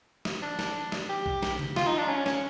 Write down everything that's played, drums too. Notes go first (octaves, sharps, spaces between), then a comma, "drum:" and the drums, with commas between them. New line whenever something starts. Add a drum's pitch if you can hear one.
drum: snare
D4
drum: snare
drum: snare
G4
drum: kick B1
drum: snare
drum: tom C#3
F4, drum: snare
D#4
D4
C#4
C#4, drum: snare